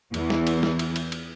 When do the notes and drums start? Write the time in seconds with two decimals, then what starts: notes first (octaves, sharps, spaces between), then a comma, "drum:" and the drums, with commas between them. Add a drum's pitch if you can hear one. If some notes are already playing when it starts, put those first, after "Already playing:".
0.14 E2 E3, drum: cymbal
0.30 drum: snare
0.47 drum: cymbal
0.63 drum: snare
0.79 drum: cymbal
0.96 drum: cymbal
1.12 drum: cymbal